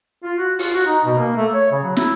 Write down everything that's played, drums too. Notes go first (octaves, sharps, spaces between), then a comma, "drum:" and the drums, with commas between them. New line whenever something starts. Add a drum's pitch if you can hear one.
F4
F#4
F4, drum: open hi-hat
F#4
D#4
B2
A#3
A3
C#5
C#3
F#3
E4, drum: snare